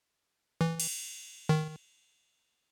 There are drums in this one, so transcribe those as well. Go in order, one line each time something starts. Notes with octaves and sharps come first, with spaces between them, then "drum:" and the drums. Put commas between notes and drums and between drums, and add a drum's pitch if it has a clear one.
E3
drum: cymbal
D#3